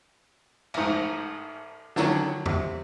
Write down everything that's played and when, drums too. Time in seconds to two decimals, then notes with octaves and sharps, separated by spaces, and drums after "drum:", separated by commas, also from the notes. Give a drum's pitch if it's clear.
0.74 A1 G#2, drum: cymbal
1.96 D3 D#3 F#3 C#4, drum: snare
2.46 C3, drum: tom